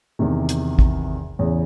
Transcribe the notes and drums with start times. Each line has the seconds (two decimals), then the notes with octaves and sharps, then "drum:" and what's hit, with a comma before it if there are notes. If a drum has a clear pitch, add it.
0.19 E2 C3 D#3
0.49 drum: hi-hat
0.79 drum: kick
1.39 E2 C#3 E3